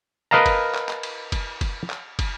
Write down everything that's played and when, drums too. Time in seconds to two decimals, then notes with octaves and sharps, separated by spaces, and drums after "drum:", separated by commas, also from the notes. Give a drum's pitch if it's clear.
0.31 A#4 B4 D#5 F5 A5 A#5
0.46 drum: kick, cymbal
0.75 drum: clap
0.89 drum: clap
1.03 drum: cymbal
1.32 drum: kick, cymbal
1.61 drum: kick, cymbal
1.90 drum: clap
2.19 drum: kick, cymbal